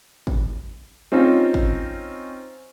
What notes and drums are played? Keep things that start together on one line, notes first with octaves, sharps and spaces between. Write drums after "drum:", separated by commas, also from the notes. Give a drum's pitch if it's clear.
drum: kick
C4 C#4 D#4 F4
drum: kick